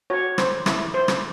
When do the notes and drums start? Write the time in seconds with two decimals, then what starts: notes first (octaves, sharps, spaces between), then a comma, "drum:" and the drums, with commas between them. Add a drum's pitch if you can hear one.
0.10 F#4 C#5
0.38 C5, drum: rim click
0.66 E4, drum: rim click
0.94 C5
1.08 drum: rim click